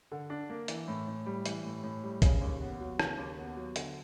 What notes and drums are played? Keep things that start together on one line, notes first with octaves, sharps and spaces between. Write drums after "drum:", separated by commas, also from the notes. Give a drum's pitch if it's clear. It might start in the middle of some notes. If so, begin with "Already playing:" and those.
D3
D4
A#3
E3, drum: hi-hat
A2
A2
G3
E3, drum: hi-hat
A2
A2
G3
C#3, drum: kick, hi-hat
D#2
B3
F#3
C#3, drum: rim click
D#2
B3
F#3
D3, drum: hi-hat